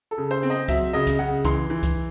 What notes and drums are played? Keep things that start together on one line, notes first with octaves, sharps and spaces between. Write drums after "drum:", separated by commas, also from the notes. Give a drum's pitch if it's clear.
A4
C#3
C5
C4
D#5
F#3 E5, drum: kick C2, hi-hat
C#3 D#5
drum: kick C2, hi-hat
C#3 F#5
E3 C6, drum: kick C2, hi-hat
E3
drum: kick C2, hi-hat